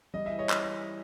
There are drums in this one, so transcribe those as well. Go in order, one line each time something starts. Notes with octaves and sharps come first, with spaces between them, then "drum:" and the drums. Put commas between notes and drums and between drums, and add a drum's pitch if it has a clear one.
G3 D#5
E3 E5
C#5 D#5
drum: clap